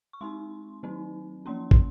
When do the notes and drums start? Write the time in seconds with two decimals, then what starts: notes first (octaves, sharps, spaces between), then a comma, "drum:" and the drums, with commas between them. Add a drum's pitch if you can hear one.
0.13 C#6
0.21 G#3 C4 D#4 C6
0.83 D#3 F#3 C4 D#4
1.46 F3 A#3 C#4 C6
1.71 C6, drum: kick